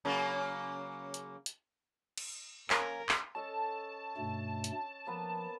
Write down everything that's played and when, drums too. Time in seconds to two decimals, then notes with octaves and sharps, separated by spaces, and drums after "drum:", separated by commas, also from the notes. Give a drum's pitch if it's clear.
0.05 C#3 F#3 A#3
1.14 drum: hi-hat
1.46 drum: hi-hat
2.18 drum: cymbal
2.70 A#3 C#4 A#4, drum: clap
3.09 drum: clap
3.35 C#4 A4 D#5 A5
4.17 G2 B2 A3
4.64 drum: hi-hat
5.07 F3 A#3 B3 B4